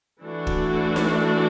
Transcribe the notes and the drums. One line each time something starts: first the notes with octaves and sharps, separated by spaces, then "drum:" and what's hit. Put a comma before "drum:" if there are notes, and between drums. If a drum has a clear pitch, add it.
E3 A3 D4 F#4
drum: kick
drum: snare D#4